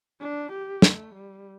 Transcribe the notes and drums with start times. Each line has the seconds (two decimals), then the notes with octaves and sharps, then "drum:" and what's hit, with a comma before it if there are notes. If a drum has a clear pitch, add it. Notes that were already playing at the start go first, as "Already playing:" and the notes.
0.21 D4
0.52 G4
0.82 A3, drum: snare
1.14 G3